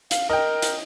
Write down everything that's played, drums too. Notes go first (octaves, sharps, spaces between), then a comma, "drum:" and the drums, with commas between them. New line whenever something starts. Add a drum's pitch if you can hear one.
F5, drum: hi-hat
A#4 D#5 G5
drum: hi-hat